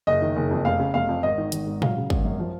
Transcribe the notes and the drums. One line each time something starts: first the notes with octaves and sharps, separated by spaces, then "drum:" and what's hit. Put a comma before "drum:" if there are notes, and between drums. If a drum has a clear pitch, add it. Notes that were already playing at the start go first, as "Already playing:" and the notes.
F#1 D#5
D#3
F#1
F2
F1 F5
C#3
F1 F5
F2
G#1 D#5
D#3
G#1, drum: hi-hat
G#2
F#3 F5, drum: tom A#2
C#3
G#1, drum: kick
F#2
F3